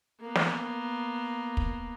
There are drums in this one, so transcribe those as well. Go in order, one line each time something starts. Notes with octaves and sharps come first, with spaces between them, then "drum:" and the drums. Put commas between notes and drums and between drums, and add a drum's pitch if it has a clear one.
A#3 B3
drum: snare
drum: kick